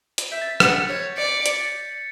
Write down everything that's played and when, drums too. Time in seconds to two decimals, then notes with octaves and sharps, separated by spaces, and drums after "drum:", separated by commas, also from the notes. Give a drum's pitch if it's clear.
0.18 drum: hi-hat
0.32 E5 G6
0.42 A6
0.51 B6
0.60 F#5, drum: rim click
0.89 C#5
1.17 D5 A6 C#7
1.46 A6 C#7, drum: hi-hat
1.60 A6